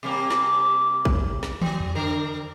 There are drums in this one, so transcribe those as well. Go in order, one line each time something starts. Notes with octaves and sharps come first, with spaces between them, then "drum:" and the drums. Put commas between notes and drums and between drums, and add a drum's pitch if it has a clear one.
C3 G3 A#3
drum: snare
drum: kick
drum: snare
F#3, drum: tom
drum: tom E2
D3 A#4